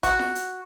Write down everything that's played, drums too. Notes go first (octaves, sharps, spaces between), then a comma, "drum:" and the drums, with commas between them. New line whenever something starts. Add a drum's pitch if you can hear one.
F#4, drum: kick, hi-hat
drum: snare F4
drum: hi-hat